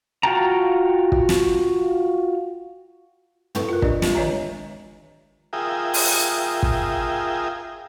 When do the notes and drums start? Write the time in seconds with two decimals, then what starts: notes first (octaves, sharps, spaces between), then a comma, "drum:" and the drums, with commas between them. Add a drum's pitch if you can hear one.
0.23 F4 F#4 G5 A5 A#5
1.12 drum: kick
1.29 drum: snare
3.55 E4 A4 B4 C#6, drum: tom
3.69 F4 A#4
3.82 D4 G4 D5 D#5, drum: kick
4.02 G#3 F4, drum: snare
4.15 D#3 C#5 D#5 E5 G#5 A#5
5.53 F4 G#4 A#4 E5 G5 D#6
5.94 drum: open hi-hat
6.63 drum: kick